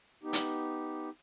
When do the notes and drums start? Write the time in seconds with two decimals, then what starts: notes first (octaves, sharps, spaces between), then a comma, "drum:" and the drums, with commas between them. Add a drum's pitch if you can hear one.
0.23 B3 D#4 G4
0.33 drum: hi-hat